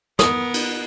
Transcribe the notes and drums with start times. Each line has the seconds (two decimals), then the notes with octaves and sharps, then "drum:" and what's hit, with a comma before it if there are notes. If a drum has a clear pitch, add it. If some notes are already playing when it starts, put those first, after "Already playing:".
0.19 B3 A#4 D#6, drum: snare
0.54 drum: cymbal